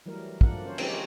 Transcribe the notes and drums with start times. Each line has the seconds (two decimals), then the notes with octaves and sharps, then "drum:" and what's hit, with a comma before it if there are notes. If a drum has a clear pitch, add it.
0.06 E3 F#3 G3 A3 A#4
0.41 D3 F3 A#3 D4 A#4 F#5, drum: kick
0.65 C#4 C5 C#5
0.78 G#3 A#3 C4 C#4 D#4 G4, drum: cymbal